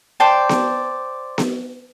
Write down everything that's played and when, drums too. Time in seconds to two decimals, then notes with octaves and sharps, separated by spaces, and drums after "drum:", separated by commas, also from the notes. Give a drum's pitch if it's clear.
0.20 C5 D5 G5 A5
0.49 drum: snare B3
1.38 drum: snare B3